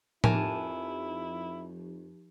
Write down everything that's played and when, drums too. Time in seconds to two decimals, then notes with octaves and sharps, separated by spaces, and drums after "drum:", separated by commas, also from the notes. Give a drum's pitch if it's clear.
0.24 F2 F3 D#4 E4 G4 A#4 G#5 A5, drum: tom A2